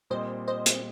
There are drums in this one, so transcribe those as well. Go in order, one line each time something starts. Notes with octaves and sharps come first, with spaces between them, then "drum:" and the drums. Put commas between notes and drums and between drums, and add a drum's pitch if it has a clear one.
A#2 G3 C4 C5 D#5
C5 D#5
drum: hi-hat